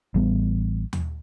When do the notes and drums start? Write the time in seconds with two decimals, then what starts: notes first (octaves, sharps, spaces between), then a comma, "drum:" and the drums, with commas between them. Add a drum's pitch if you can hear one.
0.15 A1 G3 B3
0.93 drum: tom D#2